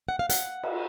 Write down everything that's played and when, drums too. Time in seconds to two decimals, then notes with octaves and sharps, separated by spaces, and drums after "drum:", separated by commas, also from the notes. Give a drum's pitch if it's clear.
0.09 F#5
0.19 F5
0.30 F#5, drum: hi-hat
0.63 drum: cymbal